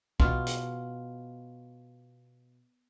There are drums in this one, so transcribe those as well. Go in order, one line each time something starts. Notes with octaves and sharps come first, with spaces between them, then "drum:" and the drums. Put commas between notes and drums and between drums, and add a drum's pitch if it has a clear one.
B2 F4, drum: kick B1
drum: hi-hat